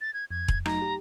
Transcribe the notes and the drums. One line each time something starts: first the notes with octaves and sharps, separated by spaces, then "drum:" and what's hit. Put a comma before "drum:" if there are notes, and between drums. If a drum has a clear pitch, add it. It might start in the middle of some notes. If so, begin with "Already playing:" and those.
A6
G#6
F2 G#6
drum: kick E1
F#3 A3 D#4 A#5, drum: rim click
G4